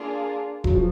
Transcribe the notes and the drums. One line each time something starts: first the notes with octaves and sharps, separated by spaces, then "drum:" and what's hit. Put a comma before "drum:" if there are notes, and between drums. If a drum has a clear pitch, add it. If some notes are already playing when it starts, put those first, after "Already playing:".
Already playing: A#3 D4 F4 G#4
F#3, drum: kick E1
F3